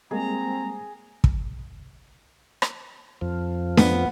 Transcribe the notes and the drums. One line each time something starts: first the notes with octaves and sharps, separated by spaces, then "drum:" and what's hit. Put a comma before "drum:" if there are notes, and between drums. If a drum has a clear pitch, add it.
G3 G#3 A#3 C4 G#4 A#5
drum: kick
drum: rim click
F2 F3
B3, drum: snare D4